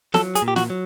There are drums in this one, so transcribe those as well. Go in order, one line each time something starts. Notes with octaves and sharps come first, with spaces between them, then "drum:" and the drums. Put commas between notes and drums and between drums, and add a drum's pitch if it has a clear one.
F#3 A4, drum: snare
G#4, drum: hi-hat
A#2
G4
F#4, drum: snare
F#3